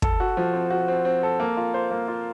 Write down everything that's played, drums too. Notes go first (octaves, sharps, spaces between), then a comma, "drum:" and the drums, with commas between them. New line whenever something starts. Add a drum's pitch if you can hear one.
A4, drum: kick
F#4
F3
C4
F#4
C4
C4
A4
A#3
F4
C5
A#3
F4